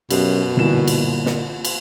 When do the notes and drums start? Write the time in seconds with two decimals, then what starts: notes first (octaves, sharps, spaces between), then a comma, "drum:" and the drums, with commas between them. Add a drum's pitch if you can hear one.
0.10 F#2 B2 G4, drum: cymbal
0.57 G1 A#2 E3 E7
0.88 drum: cymbal
1.26 drum: snare
1.65 drum: cymbal